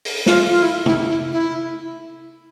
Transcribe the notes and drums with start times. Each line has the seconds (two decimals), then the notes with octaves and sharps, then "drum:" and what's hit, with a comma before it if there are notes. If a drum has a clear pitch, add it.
0.05 drum: open hi-hat
0.26 F4, drum: snare
0.50 F4
0.62 E4
0.86 E4, drum: tom C3
1.09 E4
1.32 E4